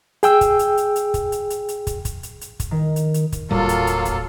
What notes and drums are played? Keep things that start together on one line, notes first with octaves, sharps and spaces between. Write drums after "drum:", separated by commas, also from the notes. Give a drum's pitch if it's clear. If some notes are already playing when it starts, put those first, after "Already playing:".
G#4 G5 E6, drum: hi-hat
drum: kick, hi-hat
drum: hi-hat
drum: hi-hat
drum: hi-hat
drum: kick, hi-hat
drum: hi-hat
drum: hi-hat
drum: hi-hat
drum: kick, hi-hat
drum: kick, hi-hat
drum: hi-hat
drum: hi-hat
drum: kick, hi-hat
D#3
drum: hi-hat
drum: hi-hat
drum: kick, hi-hat
D#1 A2 F#3 G3 A#3 F4 A4
drum: hi-hat
drum: hi-hat
drum: kick, hi-hat